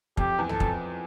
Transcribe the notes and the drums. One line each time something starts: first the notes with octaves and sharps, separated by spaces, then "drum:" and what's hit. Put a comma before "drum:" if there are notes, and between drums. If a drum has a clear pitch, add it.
F2 G4, drum: kick
E2
A4, drum: tom
F2, drum: kick